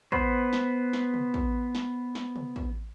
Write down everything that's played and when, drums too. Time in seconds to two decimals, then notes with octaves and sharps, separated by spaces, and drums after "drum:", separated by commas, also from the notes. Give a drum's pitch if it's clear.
0.12 B3 B4 C5, drum: kick
0.53 drum: snare
0.93 drum: snare
1.14 drum: tom C3
1.34 drum: kick
1.75 drum: snare
2.15 drum: snare
2.36 drum: tom C3
2.56 drum: kick